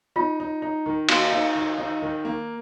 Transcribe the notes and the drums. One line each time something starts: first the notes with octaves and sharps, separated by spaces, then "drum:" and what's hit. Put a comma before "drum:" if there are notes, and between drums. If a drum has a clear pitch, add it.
D#4 F4
D#4
D#4
D#3
A#3 F#4, drum: cymbal
D#4
D#3
D#4
D#3
A#3